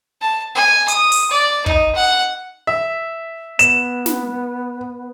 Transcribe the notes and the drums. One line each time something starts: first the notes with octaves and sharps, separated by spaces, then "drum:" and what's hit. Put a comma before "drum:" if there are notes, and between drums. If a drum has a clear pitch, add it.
A5
G#5
D#6, drum: hi-hat
drum: open hi-hat
D5
D#4, drum: kick
F#5
E5
B3 E7, drum: hi-hat
drum: snare